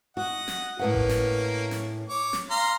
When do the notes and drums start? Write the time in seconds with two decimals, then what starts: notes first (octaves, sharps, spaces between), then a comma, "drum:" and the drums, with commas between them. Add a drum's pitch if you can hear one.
0.17 F#4 D#5 F#5
0.48 drum: snare
0.79 A2 A#3 C#4 B4 F#5
0.94 drum: kick G#1
1.09 drum: snare
1.71 drum: snare
2.09 C#5 D6
2.33 drum: snare
2.50 F5 A#5 C6